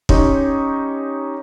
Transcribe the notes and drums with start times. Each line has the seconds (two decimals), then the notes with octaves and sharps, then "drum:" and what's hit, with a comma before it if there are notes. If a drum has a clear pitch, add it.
0.09 C#4 D#4 G4 C#5 C6, drum: kick